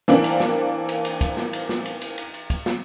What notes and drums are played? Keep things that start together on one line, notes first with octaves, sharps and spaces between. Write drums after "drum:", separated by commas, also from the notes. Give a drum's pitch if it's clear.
E3 A#3 C4 D4, drum: snare
drum: cymbal
drum: snare
drum: cymbal
drum: cymbal
drum: kick, cymbal
drum: snare
drum: cymbal
drum: snare
drum: cymbal
drum: cymbal
drum: cymbal
drum: cymbal
drum: kick, cymbal
drum: snare